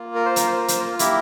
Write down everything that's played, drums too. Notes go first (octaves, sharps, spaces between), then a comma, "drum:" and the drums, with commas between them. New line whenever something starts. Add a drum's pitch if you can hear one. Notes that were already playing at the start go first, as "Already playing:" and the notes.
Already playing: A#3 F4
A#4
C5
A#4, drum: hi-hat
C5
A#4
C5, drum: hi-hat
A#4
A#3 E4 G4 A#4, drum: hi-hat